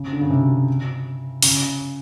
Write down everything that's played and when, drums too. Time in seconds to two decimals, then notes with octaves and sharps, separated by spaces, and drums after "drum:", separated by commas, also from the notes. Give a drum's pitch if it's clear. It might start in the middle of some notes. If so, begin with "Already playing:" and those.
Already playing: C#3
0.12 D3
0.21 C#3
0.30 C3
1.42 C#3, drum: open hi-hat